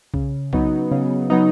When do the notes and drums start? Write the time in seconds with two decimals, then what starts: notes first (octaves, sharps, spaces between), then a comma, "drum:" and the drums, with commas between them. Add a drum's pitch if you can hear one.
0.14 C#3, drum: kick B1
0.53 F#3 B3 D#4, drum: kick B1
0.91 C#3
1.30 F#3 B3 D#4